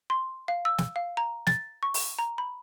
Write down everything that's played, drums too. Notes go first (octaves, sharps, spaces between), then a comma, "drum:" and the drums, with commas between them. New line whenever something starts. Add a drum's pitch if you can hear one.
C6
F5
E6
drum: snare
F5
A#5
A6, drum: snare
C#6
drum: open hi-hat
A#5
B5